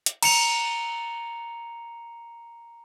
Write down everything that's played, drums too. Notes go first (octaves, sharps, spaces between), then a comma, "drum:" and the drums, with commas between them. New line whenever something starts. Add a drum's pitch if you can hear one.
drum: hi-hat
A#5 C#7 F7, drum: cymbal